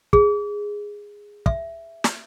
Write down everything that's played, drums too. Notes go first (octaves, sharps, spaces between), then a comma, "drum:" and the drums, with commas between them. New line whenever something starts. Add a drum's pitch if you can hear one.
G#4, drum: kick
E5, drum: kick
drum: snare